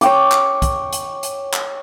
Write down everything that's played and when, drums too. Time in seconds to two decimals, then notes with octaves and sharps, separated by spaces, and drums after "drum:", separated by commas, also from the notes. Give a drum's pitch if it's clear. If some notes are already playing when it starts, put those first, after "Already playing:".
0.01 C#5 G5 D6, drum: hi-hat
0.32 drum: clap
0.62 drum: kick, hi-hat
0.93 drum: hi-hat
1.23 drum: hi-hat
1.53 drum: clap